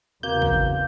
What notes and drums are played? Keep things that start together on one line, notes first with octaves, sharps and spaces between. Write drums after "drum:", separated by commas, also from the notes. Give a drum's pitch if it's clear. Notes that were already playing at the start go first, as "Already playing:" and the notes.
E2 C#3 A#3 C4 F#4 G6
drum: kick